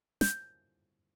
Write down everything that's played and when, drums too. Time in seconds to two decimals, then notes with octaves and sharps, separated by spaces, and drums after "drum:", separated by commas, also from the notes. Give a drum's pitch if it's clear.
0.21 G6, drum: snare